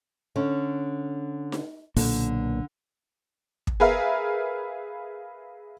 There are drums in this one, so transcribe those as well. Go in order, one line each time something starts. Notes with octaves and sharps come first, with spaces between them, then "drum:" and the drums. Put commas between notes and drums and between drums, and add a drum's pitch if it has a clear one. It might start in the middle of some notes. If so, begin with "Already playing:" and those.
D3 C#4
drum: snare D#4
B1 A#2 D3 A#3, drum: open hi-hat
drum: kick
G#4 A#4 B4 E5 F5